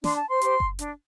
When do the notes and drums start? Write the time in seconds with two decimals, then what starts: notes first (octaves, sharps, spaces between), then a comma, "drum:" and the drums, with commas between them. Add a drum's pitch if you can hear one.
0.04 D4 C6, drum: snare
0.16 A5
0.28 C5 C6
0.41 G4 C5, drum: hi-hat
0.60 drum: kick F#1
0.79 D4, drum: hi-hat